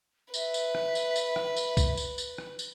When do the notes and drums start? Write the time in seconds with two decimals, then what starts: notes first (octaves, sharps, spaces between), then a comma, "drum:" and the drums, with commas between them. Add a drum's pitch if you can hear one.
0.34 B4 E5, drum: tambourine
0.54 drum: tambourine
0.75 drum: rim click
0.95 drum: tambourine
1.16 drum: tambourine
1.36 drum: rim click
1.57 drum: tambourine
1.77 drum: kick C2, tambourine
1.97 drum: tambourine
2.18 drum: tambourine
2.38 drum: rim click
2.59 drum: tambourine